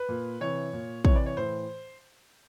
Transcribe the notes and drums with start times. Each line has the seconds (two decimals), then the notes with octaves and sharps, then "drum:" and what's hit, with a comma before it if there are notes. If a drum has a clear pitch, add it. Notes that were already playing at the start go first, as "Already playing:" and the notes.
Already playing: B4
0.09 A#2
0.41 C3 E3 C#5
0.73 A#2
1.05 C3 E3 C#5, drum: kick
1.15 D5
1.26 C#5
1.37 A2 E3 C5